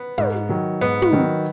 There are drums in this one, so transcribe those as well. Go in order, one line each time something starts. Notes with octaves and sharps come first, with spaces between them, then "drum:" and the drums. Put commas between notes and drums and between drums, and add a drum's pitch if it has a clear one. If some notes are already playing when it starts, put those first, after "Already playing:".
Already playing: B3
G#2, drum: tom
D#3 F#3
G#2 B3
drum: tom
D#3 F#3